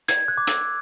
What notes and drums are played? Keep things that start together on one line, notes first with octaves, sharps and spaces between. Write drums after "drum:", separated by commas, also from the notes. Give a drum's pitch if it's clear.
G#6, drum: hi-hat
F#6
D6
E6, drum: hi-hat